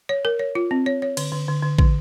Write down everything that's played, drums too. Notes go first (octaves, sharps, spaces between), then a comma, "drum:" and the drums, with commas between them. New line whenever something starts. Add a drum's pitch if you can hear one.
C#5
A#4
C#5
F4
C4
C#5
C#5
D3, drum: cymbal
D3
D3
D3
D3, drum: kick